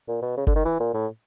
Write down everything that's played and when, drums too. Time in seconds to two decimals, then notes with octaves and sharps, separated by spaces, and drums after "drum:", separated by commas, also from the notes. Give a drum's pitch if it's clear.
0.08 A#2
0.22 B2
0.37 C#3
0.47 D3, drum: kick F#1
0.56 D#3
0.65 E3
0.80 A#2
0.94 A2